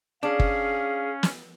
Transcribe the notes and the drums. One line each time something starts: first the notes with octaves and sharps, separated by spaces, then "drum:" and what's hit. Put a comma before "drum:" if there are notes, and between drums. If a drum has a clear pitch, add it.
C#4 D4 G#4 F5
drum: kick
drum: snare